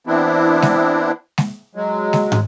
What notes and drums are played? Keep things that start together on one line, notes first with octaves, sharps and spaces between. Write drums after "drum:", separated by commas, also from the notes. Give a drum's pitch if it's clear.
E3 B3 C4 D4 E4
drum: snare G#3
drum: snare G#3
F#3 G#3
drum: snare G#3
drum: tom